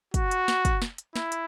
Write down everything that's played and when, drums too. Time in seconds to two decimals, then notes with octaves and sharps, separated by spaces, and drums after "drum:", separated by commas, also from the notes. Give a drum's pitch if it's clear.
0.14 F#4, drum: kick, hi-hat
0.31 drum: hi-hat
0.48 drum: snare
0.65 drum: kick, hi-hat
0.82 drum: snare
0.98 drum: hi-hat
1.16 E4, drum: snare
1.32 drum: hi-hat